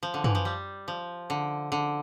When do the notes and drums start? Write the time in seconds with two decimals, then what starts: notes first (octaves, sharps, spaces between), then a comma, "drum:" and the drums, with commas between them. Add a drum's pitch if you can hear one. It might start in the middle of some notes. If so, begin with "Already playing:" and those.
0.03 F3
0.14 D3
0.24 E3, drum: tom
0.35 F3
0.45 G3
0.88 F3
1.30 D3
1.72 D3